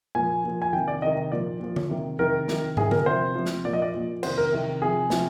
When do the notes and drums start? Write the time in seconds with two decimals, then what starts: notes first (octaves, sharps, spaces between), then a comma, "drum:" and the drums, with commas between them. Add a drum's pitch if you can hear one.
0.15 A#2 F3 G#5
0.44 A#2 F3
0.62 G#5
0.73 C3 D#3 G5
0.88 D5
1.02 C3 D#3 D#5
1.31 A#2 F3 D5
1.60 A#2 F3
1.76 drum: tom D3
1.90 C3 D#3
2.19 C3 D#3 A#4
2.48 C3 D#3, drum: snare
2.77 C3 D#3 G#4, drum: tom
2.91 A#4, drum: tom D3
3.06 C3 F3 C5
3.35 C3 F3
3.46 drum: snare
3.65 A#2 F3 D5
3.73 D#5
3.82 D5
3.94 A#2 F3
4.23 C3 D#3 C5, drum: cymbal
4.38 A#4
4.52 C3 D#3
4.82 C3 F3 G#4
5.10 C3 F3, drum: snare